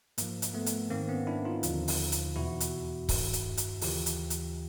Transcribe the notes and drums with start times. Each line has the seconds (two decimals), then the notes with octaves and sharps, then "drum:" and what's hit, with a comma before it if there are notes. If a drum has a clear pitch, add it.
0.18 G#2 F3 A#3, drum: hi-hat
0.42 drum: hi-hat
0.54 A3 B3
0.66 drum: hi-hat
0.90 G#2 D#3 A#3 C4
1.09 B3 C#4
1.27 D4 E4
1.45 D#4 F4
1.63 D#2 D3 F3, drum: hi-hat
1.88 drum: open hi-hat
2.12 drum: hi-hat
2.36 E2 B2 E4 F#4
2.60 drum: hi-hat
3.09 G2 D#3, drum: kick C#1, open hi-hat
3.33 drum: hi-hat
3.57 drum: hi-hat
3.81 D#2 C#3 E3 F4 G4, drum: open hi-hat
4.06 drum: hi-hat
4.30 drum: hi-hat